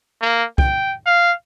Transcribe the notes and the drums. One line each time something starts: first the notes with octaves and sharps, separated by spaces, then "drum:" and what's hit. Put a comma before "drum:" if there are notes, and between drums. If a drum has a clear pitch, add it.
A#3
G5, drum: kick
F5